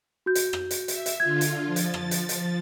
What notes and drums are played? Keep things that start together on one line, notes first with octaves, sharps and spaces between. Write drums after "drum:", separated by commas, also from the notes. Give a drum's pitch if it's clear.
F#4 G6
drum: hi-hat
drum: rim click
drum: hi-hat
E5, drum: hi-hat
drum: hi-hat
D3 F4 G#6
drum: hi-hat
F3 A6
drum: hi-hat
drum: rim click
drum: hi-hat
drum: hi-hat